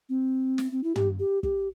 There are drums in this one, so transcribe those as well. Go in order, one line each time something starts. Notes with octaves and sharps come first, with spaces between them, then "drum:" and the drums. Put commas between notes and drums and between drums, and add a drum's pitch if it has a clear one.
C4
drum: snare
C4
E4
G4, drum: tom
G4
G4, drum: kick